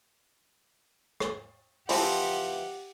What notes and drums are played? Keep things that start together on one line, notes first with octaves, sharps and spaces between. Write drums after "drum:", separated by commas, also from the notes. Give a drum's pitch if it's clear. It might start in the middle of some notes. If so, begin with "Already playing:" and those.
drum: rim click
E3 F3 C4 G4 F#5, drum: open hi-hat